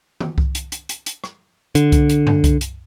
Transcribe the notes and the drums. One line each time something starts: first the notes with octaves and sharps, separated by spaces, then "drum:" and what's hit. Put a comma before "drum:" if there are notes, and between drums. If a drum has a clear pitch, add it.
drum: tom D#3
drum: kick C2
drum: hi-hat
drum: hi-hat
drum: hi-hat
drum: hi-hat
drum: rim click
D3, drum: hi-hat
drum: kick C2, hi-hat
drum: hi-hat
drum: tom F#2
drum: kick C2, hi-hat
drum: hi-hat